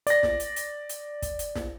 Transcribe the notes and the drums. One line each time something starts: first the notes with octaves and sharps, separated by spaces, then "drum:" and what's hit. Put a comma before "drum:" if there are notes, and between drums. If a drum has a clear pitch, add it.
D5 A#6, drum: hi-hat
drum: snare
drum: hi-hat
drum: hi-hat
drum: hi-hat
drum: kick, hi-hat
drum: hi-hat
drum: snare